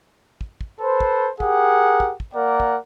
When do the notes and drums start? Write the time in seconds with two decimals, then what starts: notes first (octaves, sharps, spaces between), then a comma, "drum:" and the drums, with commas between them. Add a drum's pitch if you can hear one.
0.41 drum: kick
0.61 drum: kick
0.81 A4 B4 C5
1.00 drum: kick
1.40 G4 G#4 A#4 F#5, drum: kick
2.00 drum: kick
2.20 drum: kick
2.34 A#3 A#4 D5 F#5
2.60 drum: kick